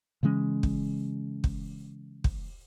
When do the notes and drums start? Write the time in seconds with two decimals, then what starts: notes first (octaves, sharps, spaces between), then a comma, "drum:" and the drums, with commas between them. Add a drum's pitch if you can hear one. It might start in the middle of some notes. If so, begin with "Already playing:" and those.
0.23 C#3 E3 G#3 C#4
0.63 drum: kick
1.44 drum: kick
2.24 drum: kick